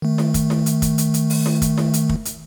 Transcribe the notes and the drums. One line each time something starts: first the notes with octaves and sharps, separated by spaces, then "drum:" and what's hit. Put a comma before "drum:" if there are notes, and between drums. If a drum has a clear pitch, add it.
D#3 A3
drum: snare E4
drum: kick, hi-hat
drum: snare E4
drum: hi-hat
drum: kick, hi-hat
drum: hi-hat
drum: hi-hat
drum: open hi-hat
drum: snare E4
drum: kick, hi-hat
drum: snare E4
drum: hi-hat
drum: kick
drum: hi-hat